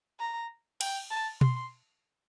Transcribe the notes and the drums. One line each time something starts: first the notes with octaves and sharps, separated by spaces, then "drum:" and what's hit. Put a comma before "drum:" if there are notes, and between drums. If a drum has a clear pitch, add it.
A#5
G5, drum: cymbal
A5
C6, drum: tom B2